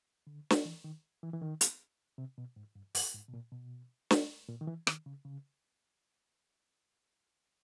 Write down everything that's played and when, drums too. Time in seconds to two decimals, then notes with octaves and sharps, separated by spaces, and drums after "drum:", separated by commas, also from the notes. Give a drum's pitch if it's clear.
0.27 D3
0.50 drum: snare
0.65 E3
0.84 D#3
1.23 E3
1.33 E3
1.42 D#3
1.61 drum: hi-hat
2.18 C3
2.38 B2
2.56 G#2
2.75 G2
2.95 F#2, drum: open hi-hat
3.15 G#2
3.28 B2
3.34 A#2
3.52 B2
4.11 drum: snare
4.49 A#2
4.61 D#3
4.67 E3
4.87 D#3, drum: rim click
5.06 C#3
5.25 C#3